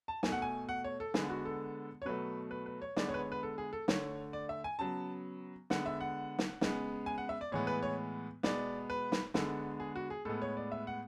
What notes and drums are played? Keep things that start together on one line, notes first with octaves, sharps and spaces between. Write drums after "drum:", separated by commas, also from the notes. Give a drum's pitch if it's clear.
A5
B2 A3 G#5, drum: snare
F#5
G#5
F#5
C#5
A4
D3 G#3 B3 G#4, drum: snare
F#4
A4
C#5
B2 F#3 A3 B4
B4
B4
C#5
D3 G#3 B3 D5, drum: snare
C#5
B4
C#5
B4
A4
G#4
A4
D3 A3 C#5, drum: snare
D5
E5
G#5
C#3 F#3 B3 A5
D3 G#3 B3 F#5, drum: snare
E5
F#5
drum: snare
C#3 G#3 B3, drum: snare
G#5
F#5
E5
D5
A2 E3 G#3 B3 C#5
B4
C#5
B2 G#3 B3 D5, drum: snare
B4
drum: snare
D3 G#3 B3 A4, drum: snare
G#4
F#4
G#4
A2 G#3 B3 A4
C#5
D5
E5
F#5